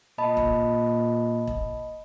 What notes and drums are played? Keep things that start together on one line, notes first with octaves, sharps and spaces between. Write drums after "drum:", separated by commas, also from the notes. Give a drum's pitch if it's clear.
A#2 D#5 A5 B5
drum: kick E1
drum: kick E1